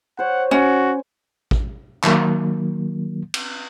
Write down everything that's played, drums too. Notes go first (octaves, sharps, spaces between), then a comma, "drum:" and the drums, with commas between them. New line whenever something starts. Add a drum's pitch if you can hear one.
C5 C#5 F#5
C#4 F#4
drum: kick
D#3 F#3 A#3, drum: clap
drum: cymbal